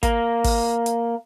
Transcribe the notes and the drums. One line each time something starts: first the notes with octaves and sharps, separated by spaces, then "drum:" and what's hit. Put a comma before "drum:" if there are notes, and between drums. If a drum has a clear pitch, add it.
A#3, drum: kick, hi-hat
drum: kick, open hi-hat
drum: hi-hat